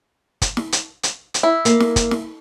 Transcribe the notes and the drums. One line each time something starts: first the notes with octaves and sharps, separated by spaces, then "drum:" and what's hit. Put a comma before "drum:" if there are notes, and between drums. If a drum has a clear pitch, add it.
drum: kick G1, hi-hat
drum: snare
drum: hi-hat
drum: hi-hat
drum: hi-hat
E4
A#3, drum: hi-hat
drum: snare
drum: kick G1, hi-hat
drum: snare